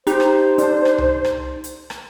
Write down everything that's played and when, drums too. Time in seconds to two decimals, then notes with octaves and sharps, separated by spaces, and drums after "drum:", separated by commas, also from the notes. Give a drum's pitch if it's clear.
0.07 D#4 G4 C5, drum: hi-hat
0.20 drum: rim click
0.58 D4, drum: hi-hat
0.85 drum: rim click
0.98 drum: tom C2
1.24 drum: rim click
1.64 drum: hi-hat
1.90 drum: rim click